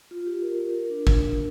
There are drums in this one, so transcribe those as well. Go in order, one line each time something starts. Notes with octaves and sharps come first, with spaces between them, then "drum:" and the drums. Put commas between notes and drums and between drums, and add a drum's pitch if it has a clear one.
F4
G4
A#4
A#4
D4
D4, drum: kick G#1